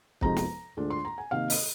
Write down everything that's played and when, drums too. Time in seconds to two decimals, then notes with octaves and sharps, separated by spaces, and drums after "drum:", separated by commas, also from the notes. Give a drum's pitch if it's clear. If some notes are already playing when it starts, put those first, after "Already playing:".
0.21 F2 C3 F3 G#3 D#4 A#5, drum: kick
0.37 drum: snare
0.77 D2 D3 G#3 D4 F4
0.90 C6
1.05 A#5
1.18 G#5
1.31 C3 D#3 A#3 D#4 F5
1.50 D#5, drum: open hi-hat